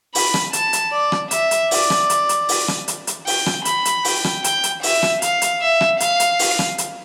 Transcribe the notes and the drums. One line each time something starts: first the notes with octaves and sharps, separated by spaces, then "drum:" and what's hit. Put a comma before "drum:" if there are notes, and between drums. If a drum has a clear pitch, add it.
B5, drum: open hi-hat
drum: rim click
A5, drum: hi-hat
drum: hi-hat
D5
drum: rim click
E5, drum: hi-hat
drum: hi-hat
D5, drum: open hi-hat
drum: rim click
drum: hi-hat
drum: hi-hat
drum: open hi-hat
drum: rim click
drum: hi-hat
drum: hi-hat
G5, drum: open hi-hat
drum: rim click
B5, drum: hi-hat
drum: hi-hat
G5, drum: open hi-hat
drum: rim click
G5, drum: hi-hat
drum: hi-hat
E5, drum: open hi-hat
drum: rim click
F5, drum: hi-hat
drum: hi-hat
E5
drum: rim click
F5, drum: hi-hat
drum: hi-hat
drum: open hi-hat
drum: rim click
drum: hi-hat